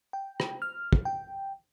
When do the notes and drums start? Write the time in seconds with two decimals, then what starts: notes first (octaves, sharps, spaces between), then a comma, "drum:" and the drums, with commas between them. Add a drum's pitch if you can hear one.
0.13 G5
0.40 drum: rim click
0.62 F6
0.93 drum: kick
1.05 G5